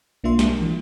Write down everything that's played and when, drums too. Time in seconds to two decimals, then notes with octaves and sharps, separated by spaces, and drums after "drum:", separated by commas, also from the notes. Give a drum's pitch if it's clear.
0.24 B1 A#3 D4 F4 E5 C6
0.39 drum: snare
0.61 E3